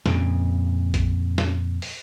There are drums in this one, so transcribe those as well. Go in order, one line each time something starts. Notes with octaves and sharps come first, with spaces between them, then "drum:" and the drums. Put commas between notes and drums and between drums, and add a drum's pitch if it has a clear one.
F2 A#2 C#3, drum: snare
drum: kick A1, hi-hat
drum: snare
drum: open hi-hat